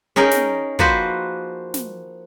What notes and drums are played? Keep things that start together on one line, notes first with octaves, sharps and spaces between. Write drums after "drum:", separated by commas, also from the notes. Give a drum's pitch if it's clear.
C#4 D#4 G#4 A#4 G5
drum: snare
F3 A#3 F#4 B4 C5, drum: kick
drum: snare